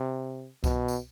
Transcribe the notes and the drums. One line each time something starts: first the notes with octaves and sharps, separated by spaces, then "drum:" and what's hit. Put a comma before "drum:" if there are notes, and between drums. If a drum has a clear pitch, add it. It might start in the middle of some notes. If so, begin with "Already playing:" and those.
Already playing: C3
B2, drum: kick C2, tambourine
drum: tambourine